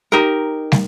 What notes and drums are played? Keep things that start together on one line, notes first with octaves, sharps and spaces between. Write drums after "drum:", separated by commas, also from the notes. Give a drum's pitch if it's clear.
D#4 G4 A#4
drum: snare